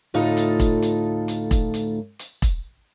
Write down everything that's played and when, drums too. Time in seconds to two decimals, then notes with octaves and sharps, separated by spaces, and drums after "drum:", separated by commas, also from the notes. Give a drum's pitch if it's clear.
0.14 D2 A2 D#4 F4 A4
0.37 drum: hi-hat
0.60 drum: kick E1, hi-hat
0.82 drum: hi-hat
1.28 drum: hi-hat
1.51 drum: kick E1, hi-hat
1.74 drum: hi-hat
2.19 drum: hi-hat
2.42 drum: kick E1, hi-hat